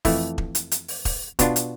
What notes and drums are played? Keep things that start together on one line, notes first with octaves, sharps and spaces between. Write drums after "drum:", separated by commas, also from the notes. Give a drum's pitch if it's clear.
F2 E3 A3 E4, drum: kick E1, open hi-hat
drum: kick E1
drum: hi-hat
drum: hi-hat
drum: open hi-hat
drum: kick E1, open hi-hat
B2 B3 D4 F4, drum: kick E1, hi-hat
drum: hi-hat